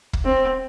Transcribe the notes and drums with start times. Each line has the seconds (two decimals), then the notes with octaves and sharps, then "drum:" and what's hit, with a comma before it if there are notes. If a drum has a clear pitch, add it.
0.13 drum: kick
0.25 C4